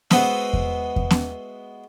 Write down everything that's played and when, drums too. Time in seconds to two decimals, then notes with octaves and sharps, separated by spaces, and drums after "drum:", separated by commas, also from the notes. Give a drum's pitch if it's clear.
0.11 G#3 B3 F#4 C5 D#5 E5, drum: snare B3
0.53 drum: kick E2
0.96 drum: kick E2
1.11 drum: snare B3